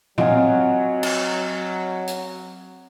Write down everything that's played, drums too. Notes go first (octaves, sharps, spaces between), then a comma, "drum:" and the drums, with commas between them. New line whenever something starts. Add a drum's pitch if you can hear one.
F#3 C4 F4 D#5 F5 F#5 G#5, drum: tom A2
drum: cymbal
drum: hi-hat